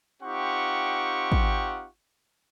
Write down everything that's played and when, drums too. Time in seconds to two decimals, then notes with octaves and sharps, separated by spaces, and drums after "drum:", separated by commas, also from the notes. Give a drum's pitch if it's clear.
0.22 C4 D#4 F4 G4 F#5 C#6
1.32 drum: kick